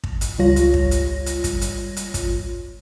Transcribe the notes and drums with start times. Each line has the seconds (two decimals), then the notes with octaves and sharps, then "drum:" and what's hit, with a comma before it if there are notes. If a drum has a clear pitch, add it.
0.03 drum: kick
0.21 drum: hi-hat
0.39 C#2 G3 F4 C#5 A#6
0.56 drum: hi-hat
0.74 drum: kick
0.91 drum: hi-hat
1.26 drum: hi-hat
1.44 drum: kick, hi-hat
1.61 drum: hi-hat
1.96 drum: hi-hat
2.14 drum: kick, hi-hat